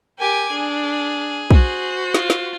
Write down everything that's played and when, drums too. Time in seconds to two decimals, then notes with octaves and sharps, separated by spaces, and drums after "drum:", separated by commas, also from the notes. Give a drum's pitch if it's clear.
0.19 G4 A#4 G#5 D6
0.51 D4 G#4
1.51 F#4 C5, drum: kick
2.14 F4, drum: snare
2.30 drum: snare